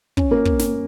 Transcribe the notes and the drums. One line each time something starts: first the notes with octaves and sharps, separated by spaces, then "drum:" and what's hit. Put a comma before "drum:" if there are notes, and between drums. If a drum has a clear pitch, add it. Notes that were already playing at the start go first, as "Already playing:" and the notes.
C#4, drum: kick
A#3
drum: kick
drum: snare